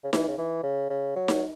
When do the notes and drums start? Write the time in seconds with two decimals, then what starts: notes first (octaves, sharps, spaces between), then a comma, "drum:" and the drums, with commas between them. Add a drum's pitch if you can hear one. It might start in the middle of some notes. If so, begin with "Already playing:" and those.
0.04 C#3
0.13 E3, drum: snare D#4
0.28 C#3
0.38 E3
0.63 C#3
0.90 C#3
1.16 F#3
1.28 drum: snare D#4